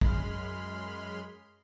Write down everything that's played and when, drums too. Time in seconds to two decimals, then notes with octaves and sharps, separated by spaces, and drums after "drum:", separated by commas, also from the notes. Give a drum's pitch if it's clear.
0.01 F#2 G#3 B5 C6 F6, drum: kick